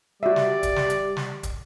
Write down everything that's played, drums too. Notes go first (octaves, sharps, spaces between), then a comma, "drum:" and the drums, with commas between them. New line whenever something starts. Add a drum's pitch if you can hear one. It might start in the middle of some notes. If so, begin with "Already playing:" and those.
G3 F#4 D5 E5
drum: snare
drum: kick, hi-hat
drum: snare
drum: hi-hat
drum: snare
drum: kick, hi-hat